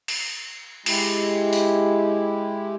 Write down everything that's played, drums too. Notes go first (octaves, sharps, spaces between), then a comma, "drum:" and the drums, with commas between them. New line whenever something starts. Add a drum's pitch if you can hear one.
drum: cymbal
G#3 E4 G4, drum: cymbal
drum: open hi-hat